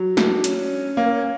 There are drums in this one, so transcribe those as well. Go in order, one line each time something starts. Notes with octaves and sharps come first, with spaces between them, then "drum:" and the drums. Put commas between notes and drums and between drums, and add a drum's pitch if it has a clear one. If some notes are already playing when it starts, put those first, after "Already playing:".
Already playing: F#3
D4, drum: snare
C#4, drum: hi-hat
A#3